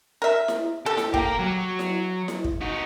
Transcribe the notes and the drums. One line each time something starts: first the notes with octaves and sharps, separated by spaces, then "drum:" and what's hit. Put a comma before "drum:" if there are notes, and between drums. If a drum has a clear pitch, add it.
A#4 E5
drum: snare E4
G4 A4
drum: snare E4
A#3 G4 A#4, drum: kick
F#3
drum: snare E4
drum: snare E4
drum: kick
D#4 F#4